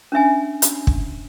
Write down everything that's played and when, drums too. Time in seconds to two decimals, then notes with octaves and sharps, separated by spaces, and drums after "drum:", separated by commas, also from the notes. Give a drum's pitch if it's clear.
0.12 C#4 D4 E5 G#5
0.62 drum: hi-hat
0.87 drum: kick